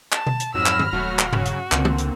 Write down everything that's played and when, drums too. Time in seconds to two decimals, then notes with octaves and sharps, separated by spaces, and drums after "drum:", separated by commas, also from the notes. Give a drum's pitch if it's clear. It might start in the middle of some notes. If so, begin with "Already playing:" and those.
0.12 A5, drum: clap
0.27 drum: tom B2
0.40 drum: hi-hat
0.54 F2 G#2 F#3 B5 E6 F6 A#6
0.66 drum: clap
0.79 drum: tom G2
0.93 D#1 F#3 A3 F#4
1.19 drum: clap
1.33 C#3 F#3, drum: tom G2
1.45 drum: hi-hat
1.72 C#2 D3 A#3 C4, drum: clap
1.85 drum: tom
1.98 drum: hi-hat